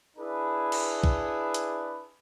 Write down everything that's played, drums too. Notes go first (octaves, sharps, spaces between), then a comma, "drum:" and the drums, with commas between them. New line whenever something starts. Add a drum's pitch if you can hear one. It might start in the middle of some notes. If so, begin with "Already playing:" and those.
D4 E4 G#4 B4
drum: cymbal
drum: kick B1
drum: hi-hat